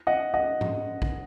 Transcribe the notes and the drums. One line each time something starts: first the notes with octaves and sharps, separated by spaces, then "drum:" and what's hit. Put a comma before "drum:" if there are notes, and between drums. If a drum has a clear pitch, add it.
D#5 F#5
D#5 F#5
drum: tom G#2
drum: kick A1